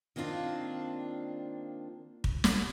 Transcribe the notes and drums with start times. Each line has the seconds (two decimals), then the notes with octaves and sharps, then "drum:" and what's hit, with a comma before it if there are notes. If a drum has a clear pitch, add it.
0.16 D#3 A#3 C4 D4 F4
2.24 drum: kick
2.44 drum: snare